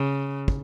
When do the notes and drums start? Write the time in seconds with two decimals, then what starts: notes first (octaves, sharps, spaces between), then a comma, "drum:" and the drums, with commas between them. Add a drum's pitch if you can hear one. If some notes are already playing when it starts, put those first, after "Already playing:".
Already playing: C#3
0.48 drum: kick